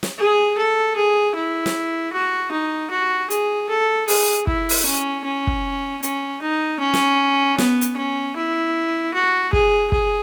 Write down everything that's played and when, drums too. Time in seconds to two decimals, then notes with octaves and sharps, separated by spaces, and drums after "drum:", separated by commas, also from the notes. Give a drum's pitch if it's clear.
0.03 drum: snare
0.19 G#4
0.58 A4
0.96 G#4
1.36 E4
1.66 drum: snare
2.13 F#4
2.52 D#4
2.91 F#4
3.30 G#4, drum: hi-hat
3.69 A4
4.08 G#4, drum: open hi-hat
4.47 E4, drum: kick
4.69 drum: open hi-hat
4.86 C#4
5.25 C#4
5.47 drum: kick
6.03 C#4, drum: hi-hat
6.42 D#4
6.80 C#4
6.94 drum: snare
7.58 B3, drum: snare
7.81 drum: hi-hat
7.97 C#4
8.37 E4
9.14 F#4
9.53 G#4, drum: kick
9.92 G#4, drum: kick